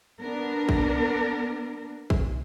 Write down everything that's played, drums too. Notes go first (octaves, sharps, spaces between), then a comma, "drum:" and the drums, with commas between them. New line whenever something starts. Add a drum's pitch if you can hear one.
B3 D4 A#4
drum: kick
drum: kick